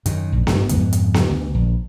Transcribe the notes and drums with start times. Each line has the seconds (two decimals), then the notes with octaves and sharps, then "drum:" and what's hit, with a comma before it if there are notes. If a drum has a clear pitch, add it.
0.06 F#2 D#3, drum: hi-hat
0.32 A#1
0.47 G#1 G2 A3, drum: snare B3
0.69 F2 G#2 D3 B3, drum: hi-hat
0.93 drum: hi-hat
1.14 drum: snare B3
1.30 D2
1.54 A#1